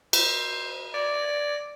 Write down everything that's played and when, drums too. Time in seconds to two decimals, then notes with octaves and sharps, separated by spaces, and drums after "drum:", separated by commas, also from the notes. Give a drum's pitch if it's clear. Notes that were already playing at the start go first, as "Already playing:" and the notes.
0.13 C5, drum: cymbal
0.94 D5